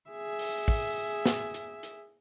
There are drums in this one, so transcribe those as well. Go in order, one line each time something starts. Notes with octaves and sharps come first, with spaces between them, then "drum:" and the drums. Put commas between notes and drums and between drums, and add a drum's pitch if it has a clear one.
G#4 E5
drum: open hi-hat
drum: kick, open hi-hat
drum: snare
drum: hi-hat
drum: hi-hat